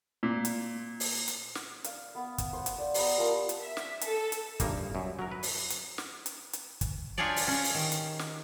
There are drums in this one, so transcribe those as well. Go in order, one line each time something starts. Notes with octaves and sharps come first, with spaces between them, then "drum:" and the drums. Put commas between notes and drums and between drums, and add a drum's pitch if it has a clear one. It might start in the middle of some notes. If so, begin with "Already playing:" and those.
A#2
drum: hi-hat
drum: open hi-hat
drum: hi-hat
drum: snare
F5, drum: hi-hat
B3
drum: kick, hi-hat
C5 F#5
drum: hi-hat
D5 F5
B3 G4 A#5, drum: open hi-hat
F3 A#4 G5 C6
drum: hi-hat
E5
drum: snare
A4, drum: hi-hat
drum: hi-hat
A#1 G2 A#3 D#4, drum: kick, hi-hat
F#2
F#3 A#4
B4
drum: open hi-hat
drum: hi-hat
drum: snare
drum: hi-hat
drum: hi-hat
drum: kick, hi-hat
D4 F4 G4 G#4 C#5 D5
drum: open hi-hat
C#4
drum: open hi-hat
D#3
drum: hi-hat
drum: snare